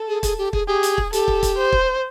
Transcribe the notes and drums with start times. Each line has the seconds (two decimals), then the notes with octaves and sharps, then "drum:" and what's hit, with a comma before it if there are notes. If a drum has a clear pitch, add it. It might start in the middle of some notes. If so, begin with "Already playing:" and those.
Already playing: A4
0.08 G#4
0.23 G#4, drum: kick, hi-hat
0.38 G4
0.53 G#4, drum: kick
0.67 G4 G#4
0.83 drum: hi-hat
0.98 drum: kick
1.13 G4 A4, drum: hi-hat
1.28 drum: kick
1.43 drum: kick, hi-hat
1.58 C5
1.72 drum: kick